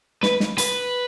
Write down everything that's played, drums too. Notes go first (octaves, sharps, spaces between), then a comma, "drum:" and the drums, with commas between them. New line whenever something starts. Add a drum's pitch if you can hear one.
B4, drum: snare
drum: snare
B4, drum: hi-hat